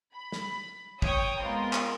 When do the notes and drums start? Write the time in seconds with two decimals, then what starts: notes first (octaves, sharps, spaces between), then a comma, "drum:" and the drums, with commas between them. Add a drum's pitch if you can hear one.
0.13 B5
0.32 drum: snare
1.02 C#5 G5 D#6, drum: kick
1.40 G#3 B3 C4 F4 A#4
1.73 drum: clap